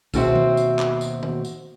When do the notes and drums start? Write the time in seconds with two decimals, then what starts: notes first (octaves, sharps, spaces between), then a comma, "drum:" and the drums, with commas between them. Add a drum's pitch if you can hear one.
0.14 D#2 B2 C4 F#4 C5 E5, drum: kick, tambourine
0.35 drum: tom D#3
0.57 drum: tambourine
0.79 drum: clap
1.01 drum: tambourine
1.23 drum: tom D#3
1.45 drum: tambourine